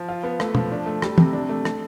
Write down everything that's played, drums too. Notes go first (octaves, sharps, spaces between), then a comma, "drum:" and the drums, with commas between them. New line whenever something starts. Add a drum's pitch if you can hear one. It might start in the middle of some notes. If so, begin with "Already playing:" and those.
Already playing: F3
F4
B3
A3, drum: rim click
F3, drum: tom
D4
A3
G3, drum: rim click
C3, drum: tom
D4
A3
A3, drum: rim click